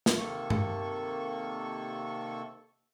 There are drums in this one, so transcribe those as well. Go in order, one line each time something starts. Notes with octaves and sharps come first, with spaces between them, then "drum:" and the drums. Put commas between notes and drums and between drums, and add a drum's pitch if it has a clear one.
drum: snare
C3 D#3 A#3 A4 C#6
drum: tom G2